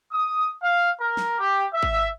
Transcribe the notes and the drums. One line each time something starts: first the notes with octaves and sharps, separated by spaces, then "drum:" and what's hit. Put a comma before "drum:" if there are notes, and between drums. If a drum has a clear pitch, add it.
D#6
F5
A#4
drum: snare
G4
E5
drum: kick G#1